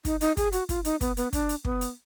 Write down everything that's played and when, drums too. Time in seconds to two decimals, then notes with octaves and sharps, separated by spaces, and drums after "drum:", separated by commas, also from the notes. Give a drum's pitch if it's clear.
0.05 D#4, drum: kick, hi-hat
0.21 D#4, drum: hi-hat
0.37 G#4, drum: kick, hi-hat
0.52 F#4, drum: hi-hat
0.69 F4, drum: kick, hi-hat
0.85 D#4, drum: hi-hat
1.01 B3, drum: kick, hi-hat
1.17 B3, drum: hi-hat
1.33 D4, drum: kick, hi-hat
1.49 drum: hi-hat
1.65 B3, drum: kick
1.81 drum: hi-hat